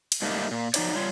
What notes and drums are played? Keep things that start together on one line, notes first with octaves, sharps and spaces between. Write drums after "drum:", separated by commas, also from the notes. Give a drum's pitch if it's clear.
drum: cymbal
G#2 G3 A3 A#3 D#4
A#2
F3 F#3 D#4 C#5 D5, drum: cymbal
G3 F4 C#5